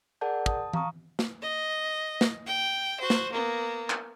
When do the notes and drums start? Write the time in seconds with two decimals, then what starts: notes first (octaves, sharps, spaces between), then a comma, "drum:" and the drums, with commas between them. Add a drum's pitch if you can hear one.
0.21 G#4 A#4 D5 F#5 A5 G6
0.46 A5 D#6, drum: kick
0.73 F5 A#5 C#6 D#6, drum: tom E3
1.19 drum: snare
1.42 D#5
2.21 drum: snare
2.47 G5
3.00 F#4 C5
3.10 drum: snare
3.32 A#3 B3
3.90 drum: clap